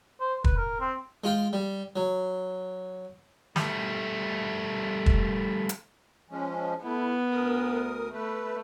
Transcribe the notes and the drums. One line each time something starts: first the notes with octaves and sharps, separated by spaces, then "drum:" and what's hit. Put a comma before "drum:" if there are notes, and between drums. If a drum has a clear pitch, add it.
C5
B4, drum: kick
A#4
C4
G#3 F4 G5
G3
F#3
G3 A3, drum: snare
drum: kick
drum: hi-hat
F3 G#3 C#4
A3 B3 E4
D2 A#4 D#6
A3 B4